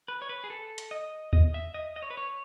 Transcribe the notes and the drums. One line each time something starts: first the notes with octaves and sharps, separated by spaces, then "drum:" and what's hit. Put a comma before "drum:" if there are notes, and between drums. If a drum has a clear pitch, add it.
B4
C#5
B4
G#4
A4
drum: hi-hat
D#5
D#5, drum: kick D#2
E5
D#5
D#5
C#5
B4
C#5